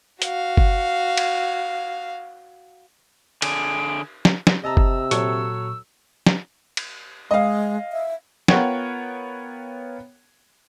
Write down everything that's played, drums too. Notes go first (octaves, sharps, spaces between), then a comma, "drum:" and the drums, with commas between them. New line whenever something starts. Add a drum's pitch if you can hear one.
F#4 F5, drum: hi-hat
drum: kick F#1
drum: cymbal
D3 G#4 D7, drum: cymbal
drum: snare
drum: snare
C3 D#5 A5 A#5 E6
drum: kick F#1
A#2 F#3 A4 C#5 C#6, drum: hi-hat
drum: snare
drum: cymbal
G#3 D#5 F5
E5
B3 F4 A#4 C#5 F#5 G5, drum: snare